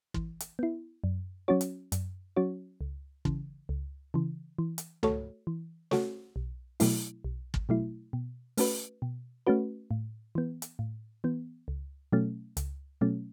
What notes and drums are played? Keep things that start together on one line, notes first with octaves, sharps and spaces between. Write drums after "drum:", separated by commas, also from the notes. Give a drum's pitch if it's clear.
E3, drum: kick
drum: hi-hat
B3 E4
F#2
F#3 C#4 F#4 C#5
drum: hi-hat
F#2, drum: hi-hat
F#3 C#4 F#4 C#5
C#2
C#3 E3, drum: kick
C#2
C#3 E3
E3
drum: hi-hat
A3 F#4 A4 C#5, drum: tom C#2
E3
A3 F#4 A4 C#5, drum: snare
B1
B2 F#3 A3 E4, drum: open hi-hat
B1
drum: kick
B2 F#3 A3 E4
B2
A3 C#4 F#4 B4, drum: open hi-hat
B2
A3 C#4 F#4 B4
A2
E3 B3
drum: hi-hat
A2
E3 B3
C#2
B2 F#3 A3 C#4
C#2, drum: hi-hat
B2 F#3 A3 C#4